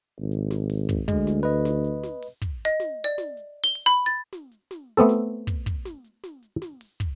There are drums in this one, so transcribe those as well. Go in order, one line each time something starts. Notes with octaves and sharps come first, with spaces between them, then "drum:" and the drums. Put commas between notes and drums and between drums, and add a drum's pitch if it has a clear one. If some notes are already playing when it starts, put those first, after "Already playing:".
G#1
drum: hi-hat
drum: snare
drum: open hi-hat
drum: kick, hi-hat
D2 G#3, drum: kick
drum: snare
B4 D#5
drum: snare
drum: hi-hat
drum: snare
drum: open hi-hat
drum: kick, hi-hat
D#5
drum: snare
D5
drum: snare
drum: hi-hat
G7
drum: open hi-hat
B5
A6
drum: snare
drum: hi-hat
drum: snare
A3 B3 C4 A4
drum: snare
drum: kick, hi-hat
drum: kick, hi-hat
drum: snare
drum: hi-hat
drum: snare
drum: hi-hat
drum: snare
drum: open hi-hat
drum: kick, hi-hat